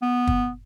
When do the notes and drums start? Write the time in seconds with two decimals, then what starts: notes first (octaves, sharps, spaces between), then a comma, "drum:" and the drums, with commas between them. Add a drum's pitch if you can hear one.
0.02 B3
0.27 drum: kick